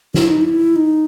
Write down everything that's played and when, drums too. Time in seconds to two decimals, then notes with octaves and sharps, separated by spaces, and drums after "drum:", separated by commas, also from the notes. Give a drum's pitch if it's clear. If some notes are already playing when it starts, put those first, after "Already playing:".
0.14 E4, drum: snare
0.28 D#4
0.41 E4
0.76 D#4